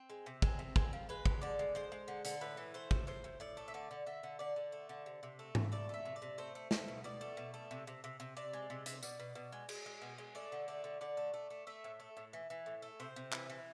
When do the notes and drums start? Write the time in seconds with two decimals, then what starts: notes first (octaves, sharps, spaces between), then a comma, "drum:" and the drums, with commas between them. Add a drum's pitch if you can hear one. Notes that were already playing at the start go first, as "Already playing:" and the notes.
Already playing: C4
0.10 G#3
0.26 C3
0.42 G#3 C4, drum: kick
0.59 C3
0.76 G#3 C4, drum: kick
0.93 F3
1.09 G#3 B4
1.26 G#3, drum: kick
1.42 D3 D5
1.59 G#3
1.75 G#3 C5
1.92 G#3
2.08 D3
2.25 D3, drum: hi-hat
2.41 A2 B4
2.57 E3
2.74 A3 C5
2.91 A2, drum: kick
3.07 A2 C5
3.24 A2
3.40 A2 D5
3.57 A3
3.68 E5
3.74 D3 D5
3.91 D3
4.06 D3 E5
4.23 D3
4.39 D3 D5
4.56 D3
4.72 A3
4.89 D3
5.06 C3
5.23 C3
5.39 A3
5.55 C3, drum: tom G#2
5.72 A3 D5
5.89 A3 E5
6.05 C3
6.16 D5
6.22 C3
6.38 A3 C5
6.55 A3
6.71 A3, drum: snare
6.88 B2
7.04 B2 D5
7.21 A3
7.37 B2
7.54 A3
7.71 C3
7.87 C3
8.04 C3
8.20 C3
8.37 C3 D5
8.53 G#3
8.70 C3
8.86 C3, drum: hi-hat
9.03 B2 D5, drum: tambourine
9.20 B2
9.35 B2
9.52 G#3
9.69 G#3, drum: cymbal
9.86 G#3
10.02 B2
10.18 G#3
10.35 A3 D5
10.52 D3
10.68 A3 D5
10.84 D3
11.01 D3 D5
11.17 A3
11.34 A3
11.50 A3
11.67 A3 E5
11.84 A2
12.00 A3
12.17 A2
12.33 E3
12.50 E3
12.66 A2
12.82 A3
13.00 C3 C5
13.16 C3
13.32 E3, drum: clap
13.50 E3